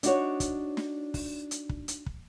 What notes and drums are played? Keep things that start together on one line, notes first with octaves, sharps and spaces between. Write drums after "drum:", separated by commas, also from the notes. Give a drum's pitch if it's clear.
D4 D#4 F#4 C#5, drum: hi-hat
drum: kick, hi-hat
drum: snare
drum: kick, open hi-hat
drum: hi-hat
drum: kick
drum: hi-hat
drum: kick